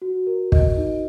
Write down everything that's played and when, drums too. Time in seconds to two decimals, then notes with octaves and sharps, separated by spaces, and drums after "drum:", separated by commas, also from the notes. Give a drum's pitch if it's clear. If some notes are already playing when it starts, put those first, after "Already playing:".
0.02 F#4
0.27 A#4
0.52 D#5, drum: kick
0.77 D#4